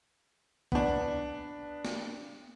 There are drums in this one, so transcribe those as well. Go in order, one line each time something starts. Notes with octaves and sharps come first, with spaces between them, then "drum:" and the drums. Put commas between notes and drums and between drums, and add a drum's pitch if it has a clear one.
B3 D4, drum: kick A#1
drum: snare